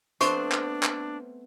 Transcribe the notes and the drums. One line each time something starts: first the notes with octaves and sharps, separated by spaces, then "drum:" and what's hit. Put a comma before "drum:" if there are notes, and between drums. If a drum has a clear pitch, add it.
A3 B3 C4 D4 C5 C#6, drum: hi-hat
drum: clap
drum: clap